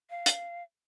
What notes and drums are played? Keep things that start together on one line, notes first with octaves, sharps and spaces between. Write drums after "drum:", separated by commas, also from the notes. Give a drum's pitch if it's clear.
F5
drum: hi-hat